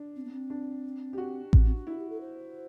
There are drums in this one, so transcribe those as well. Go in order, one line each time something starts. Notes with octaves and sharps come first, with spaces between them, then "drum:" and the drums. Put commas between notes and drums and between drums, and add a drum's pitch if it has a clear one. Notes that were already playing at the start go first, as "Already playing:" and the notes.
Already playing: D4
C4
B3
C4
D4
G4
F#4
C4, drum: kick A1
C4
D4
D4 E4
G4
A4
C5